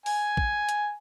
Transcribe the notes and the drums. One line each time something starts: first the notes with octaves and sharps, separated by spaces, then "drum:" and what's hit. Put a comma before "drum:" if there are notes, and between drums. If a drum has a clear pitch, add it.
G#5, drum: open hi-hat
drum: kick A#1
drum: hi-hat